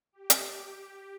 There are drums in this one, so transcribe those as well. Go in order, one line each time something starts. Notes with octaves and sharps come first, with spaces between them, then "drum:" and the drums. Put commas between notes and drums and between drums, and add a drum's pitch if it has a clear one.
G4
drum: hi-hat